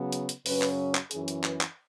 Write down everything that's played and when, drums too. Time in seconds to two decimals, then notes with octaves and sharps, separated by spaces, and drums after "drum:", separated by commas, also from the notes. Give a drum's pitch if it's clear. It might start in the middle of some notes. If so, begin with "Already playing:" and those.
Already playing: C#3 F#3 B3
0.12 drum: hi-hat
0.29 drum: hi-hat
0.46 F#2 C#3 F#3 C#4 B4, drum: open hi-hat
0.62 drum: clap
0.95 drum: clap
1.11 F#2 E3 C#4 G#4, drum: hi-hat
1.28 drum: hi-hat
1.44 B4, drum: clap
1.61 drum: clap